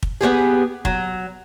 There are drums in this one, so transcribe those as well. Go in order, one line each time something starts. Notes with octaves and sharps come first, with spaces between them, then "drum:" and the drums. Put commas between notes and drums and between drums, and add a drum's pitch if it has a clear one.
drum: kick
B3 C4 G4 G#4
F#3, drum: kick